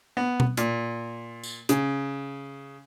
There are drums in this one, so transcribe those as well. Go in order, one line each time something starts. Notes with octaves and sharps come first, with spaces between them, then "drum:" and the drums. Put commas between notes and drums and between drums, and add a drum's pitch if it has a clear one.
B3
drum: tom B2
A#2, drum: hi-hat
drum: tambourine
C#3, drum: hi-hat